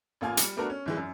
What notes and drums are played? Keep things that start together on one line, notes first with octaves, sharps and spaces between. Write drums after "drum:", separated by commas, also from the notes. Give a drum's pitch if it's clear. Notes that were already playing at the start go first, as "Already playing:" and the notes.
A1 A#3 F4 G#5 F6
G3 C#7, drum: hi-hat
A3 B3 D4 F#4 A#4
C#4
G#1 E3 G#3
F#2